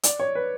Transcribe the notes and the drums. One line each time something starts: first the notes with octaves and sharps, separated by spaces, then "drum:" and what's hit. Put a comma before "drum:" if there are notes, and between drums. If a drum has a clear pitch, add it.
D5, drum: hi-hat
C#5
B4